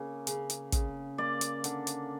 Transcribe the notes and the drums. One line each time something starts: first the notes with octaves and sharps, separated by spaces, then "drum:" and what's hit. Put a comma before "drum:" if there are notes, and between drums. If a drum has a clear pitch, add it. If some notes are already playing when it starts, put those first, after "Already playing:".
Already playing: C#3 A#3
C#3, drum: hi-hat
drum: hi-hat
C#3, drum: kick, hi-hat
A#3 D5
drum: hi-hat
D3, drum: hi-hat
drum: hi-hat